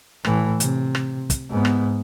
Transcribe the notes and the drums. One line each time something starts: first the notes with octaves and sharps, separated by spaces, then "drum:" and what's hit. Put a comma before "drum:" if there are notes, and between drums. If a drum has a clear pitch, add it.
A2 E3, drum: rim click
C3, drum: hi-hat
drum: rim click
drum: kick, hi-hat
G#2 B3
drum: rim click